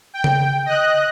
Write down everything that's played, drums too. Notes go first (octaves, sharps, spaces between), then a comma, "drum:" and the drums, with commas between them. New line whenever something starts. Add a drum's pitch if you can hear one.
G5
drum: tom C#3
D#5 F#6